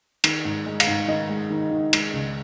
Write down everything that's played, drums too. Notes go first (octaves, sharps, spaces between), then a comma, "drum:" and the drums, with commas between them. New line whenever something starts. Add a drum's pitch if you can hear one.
D#3, drum: cymbal
G#2
G#3
F5, drum: cymbal
G#2
D#3 D#5
G#3
D#3
D#3
G#3, drum: cymbal
C#2